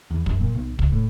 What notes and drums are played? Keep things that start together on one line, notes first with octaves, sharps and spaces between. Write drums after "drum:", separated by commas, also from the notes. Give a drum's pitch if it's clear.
E2
F#2, drum: kick
A#2
B1
C#2, drum: kick
A2